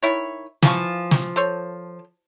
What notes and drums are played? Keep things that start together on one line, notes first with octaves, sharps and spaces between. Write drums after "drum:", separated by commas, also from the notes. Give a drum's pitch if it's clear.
D#3 E4 C#5
E3 F3 F5 C#6, drum: snare
drum: snare
A4 C5 C#5